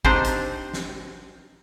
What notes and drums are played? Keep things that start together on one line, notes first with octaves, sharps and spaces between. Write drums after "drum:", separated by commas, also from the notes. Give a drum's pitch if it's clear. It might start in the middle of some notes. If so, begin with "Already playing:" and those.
C4 D4 D#4 G4 C5, drum: kick
drum: hi-hat
drum: snare